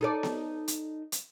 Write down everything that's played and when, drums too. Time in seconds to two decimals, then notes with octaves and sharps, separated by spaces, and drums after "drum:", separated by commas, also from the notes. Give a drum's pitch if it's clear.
0.01 D#4 A4 D5
0.23 drum: snare B3
0.68 drum: hi-hat
1.12 drum: hi-hat